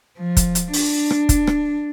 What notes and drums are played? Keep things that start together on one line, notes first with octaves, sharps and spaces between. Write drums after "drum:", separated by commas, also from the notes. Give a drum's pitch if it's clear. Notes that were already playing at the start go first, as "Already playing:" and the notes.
F3
drum: kick, hi-hat
drum: hi-hat
D4, drum: open hi-hat
drum: rim click
drum: kick, hi-hat
drum: rim click